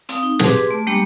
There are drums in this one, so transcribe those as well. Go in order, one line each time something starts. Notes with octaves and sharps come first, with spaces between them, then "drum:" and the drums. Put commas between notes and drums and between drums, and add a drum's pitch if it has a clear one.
C4 F5 D#6, drum: hi-hat
D#4
G4 G#4 B4 C6 D6, drum: snare
A3
G3 G#3 A#3 D4 G4 B5